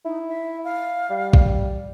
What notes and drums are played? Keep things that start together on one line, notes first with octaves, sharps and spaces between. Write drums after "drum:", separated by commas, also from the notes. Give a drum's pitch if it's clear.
D#4 E4
E5
F5
G3
drum: kick A#1